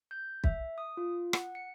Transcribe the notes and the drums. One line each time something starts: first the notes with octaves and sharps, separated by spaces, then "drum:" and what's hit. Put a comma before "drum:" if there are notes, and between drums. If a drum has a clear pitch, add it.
G6
E5, drum: kick
D#6
F4
F#5, drum: rim click
C#7